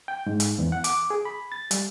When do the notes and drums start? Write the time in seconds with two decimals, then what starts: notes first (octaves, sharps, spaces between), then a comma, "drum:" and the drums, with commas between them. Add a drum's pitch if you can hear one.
0.08 G5
0.27 G#2
0.40 drum: hi-hat
0.59 E2
0.72 F#5
0.84 D6, drum: hi-hat
1.10 G#4
1.25 B5
1.52 A6
1.71 G3, drum: hi-hat